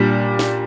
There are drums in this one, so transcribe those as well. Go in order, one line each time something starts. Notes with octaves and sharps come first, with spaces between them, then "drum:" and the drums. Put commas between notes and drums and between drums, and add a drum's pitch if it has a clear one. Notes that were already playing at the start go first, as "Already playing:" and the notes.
Already playing: A#2 G3 D4
drum: snare